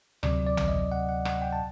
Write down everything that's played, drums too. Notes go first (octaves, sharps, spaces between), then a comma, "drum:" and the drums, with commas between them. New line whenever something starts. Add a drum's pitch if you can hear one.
D2 C3 F#3 D5, drum: rim click
D5
drum: tom A#1
D#5
F#5
F#5
F#5, drum: rim click
G5
A5